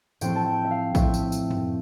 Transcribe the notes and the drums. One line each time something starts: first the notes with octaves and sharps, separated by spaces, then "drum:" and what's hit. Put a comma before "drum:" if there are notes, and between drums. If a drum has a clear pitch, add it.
A2 F3 A3 C4 G5, drum: tambourine
A5
G5
E5
F5
A2 F3 A3 C4 E5, drum: kick A#1, tambourine
drum: tambourine
drum: tambourine
drum: tom